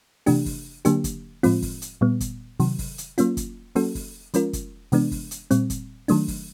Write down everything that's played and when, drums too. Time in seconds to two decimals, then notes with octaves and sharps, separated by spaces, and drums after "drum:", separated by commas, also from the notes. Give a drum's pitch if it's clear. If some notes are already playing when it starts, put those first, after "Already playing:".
0.26 C3 E3 A3 D4 G4, drum: open hi-hat
0.46 drum: kick, open hi-hat
0.85 D3 F#3 A#3 D4 G4, drum: hi-hat
1.04 drum: kick, hi-hat
1.43 A2 F3 G#3 C4 F4, drum: open hi-hat
1.62 drum: kick, open hi-hat
1.82 drum: hi-hat
2.01 A#2 G3 B3
2.20 drum: kick, hi-hat
2.60 C3 D#3 F#3, drum: open hi-hat
2.79 drum: kick, open hi-hat
2.98 drum: hi-hat
3.18 F#3 A#3 C#4 F4, drum: hi-hat
3.37 drum: kick, hi-hat
3.75 F#3 A#3 C#4 F#4 A4, drum: open hi-hat
3.95 drum: kick, open hi-hat
4.34 F3 G#3 C#4 F4 A#4, drum: hi-hat
4.53 drum: kick, hi-hat
4.92 C3 E3 G#3 B3 D4, drum: open hi-hat
5.12 drum: kick, open hi-hat
5.31 drum: hi-hat
5.51 A#2 G3 C4, drum: hi-hat
5.70 drum: kick, hi-hat
6.08 D#3 F#3 A3 D4, drum: open hi-hat
6.28 drum: kick, open hi-hat